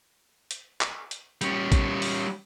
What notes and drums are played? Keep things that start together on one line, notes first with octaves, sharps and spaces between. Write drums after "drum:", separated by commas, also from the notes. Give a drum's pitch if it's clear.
drum: hi-hat
drum: clap
drum: hi-hat
G3 C#4, drum: hi-hat
drum: kick, hi-hat
drum: open hi-hat